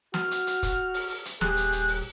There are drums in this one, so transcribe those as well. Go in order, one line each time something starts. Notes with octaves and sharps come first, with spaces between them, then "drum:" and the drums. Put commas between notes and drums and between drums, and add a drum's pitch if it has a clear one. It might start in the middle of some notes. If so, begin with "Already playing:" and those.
F#4 F6, drum: snare
drum: hi-hat
drum: hi-hat
drum: kick, hi-hat
drum: open hi-hat
drum: open hi-hat
drum: hi-hat
D#1 G4 G#4 F#6, drum: snare
drum: hi-hat
drum: hi-hat
drum: open hi-hat